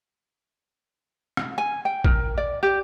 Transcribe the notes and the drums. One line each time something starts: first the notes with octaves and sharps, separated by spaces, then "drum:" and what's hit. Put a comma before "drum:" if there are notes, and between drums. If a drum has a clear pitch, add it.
drum: rim click
G#5
G5
A#4, drum: kick A1
D5
G4